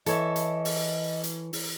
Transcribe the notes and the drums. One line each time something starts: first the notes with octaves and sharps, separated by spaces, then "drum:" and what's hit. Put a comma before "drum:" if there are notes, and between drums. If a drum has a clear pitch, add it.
E3 A4 C#5 D#5 E5, drum: hi-hat
drum: hi-hat
drum: open hi-hat
drum: hi-hat
drum: open hi-hat